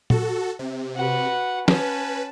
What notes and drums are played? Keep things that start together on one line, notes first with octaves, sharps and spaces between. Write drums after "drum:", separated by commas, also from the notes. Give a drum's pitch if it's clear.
F#4 A4, drum: tom
C3
F#4 B4 F#5
C#4 B4 A5, drum: snare